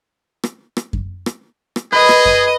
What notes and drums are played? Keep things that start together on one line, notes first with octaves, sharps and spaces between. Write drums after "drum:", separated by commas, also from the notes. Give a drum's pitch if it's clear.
drum: rim click
drum: rim click
drum: kick F#2
drum: rim click
drum: rim click
G#4 B4 D#5 D#6
drum: rim click
drum: kick F#2